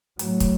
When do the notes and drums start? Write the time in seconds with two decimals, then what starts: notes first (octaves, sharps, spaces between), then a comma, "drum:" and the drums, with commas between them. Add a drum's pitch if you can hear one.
0.19 A2 F#3, drum: hi-hat
0.40 drum: kick, hi-hat